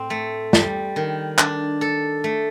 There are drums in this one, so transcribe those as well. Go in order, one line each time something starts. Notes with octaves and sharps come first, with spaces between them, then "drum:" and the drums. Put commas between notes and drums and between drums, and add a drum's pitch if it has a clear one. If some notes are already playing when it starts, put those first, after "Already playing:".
Already playing: A2 C4
A3
G3, drum: snare
D#3
D4, drum: clap
A4
A3